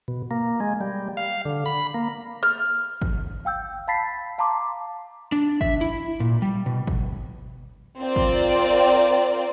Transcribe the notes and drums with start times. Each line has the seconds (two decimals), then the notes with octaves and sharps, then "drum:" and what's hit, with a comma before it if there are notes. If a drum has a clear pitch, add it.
0.08 B2
0.31 A#3
0.60 G#3
0.81 G3
1.17 F5
1.45 D3
1.66 B5
1.94 A#3
2.43 F6
3.02 drum: kick
3.45 F5 G5 E6 G6
3.88 F5 A5 B5 A6 B6 C7
4.38 F5 A5 A#5 C6 D6
5.32 D4
5.61 E5, drum: kick
5.81 E4
6.20 A#2
6.42 G3
6.66 B2
6.87 drum: kick
8.00 C4 F4 A#4 D5
8.16 drum: kick